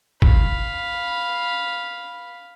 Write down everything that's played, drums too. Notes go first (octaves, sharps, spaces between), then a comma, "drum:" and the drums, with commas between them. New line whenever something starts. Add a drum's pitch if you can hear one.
F5 B5, drum: kick